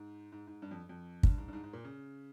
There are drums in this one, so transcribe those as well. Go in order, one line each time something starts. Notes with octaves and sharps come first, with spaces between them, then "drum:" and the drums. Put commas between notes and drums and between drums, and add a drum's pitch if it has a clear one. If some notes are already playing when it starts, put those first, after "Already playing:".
Already playing: G#2
G#2
G#2
G2
F2
F2
G2, drum: kick
G#2
G2
G#2
G#2
A#2
C#3